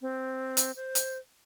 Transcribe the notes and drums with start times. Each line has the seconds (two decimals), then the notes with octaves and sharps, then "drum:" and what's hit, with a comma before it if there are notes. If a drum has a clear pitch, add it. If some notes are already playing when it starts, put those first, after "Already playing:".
0.01 C4
0.57 drum: hi-hat
0.76 C5
0.95 drum: hi-hat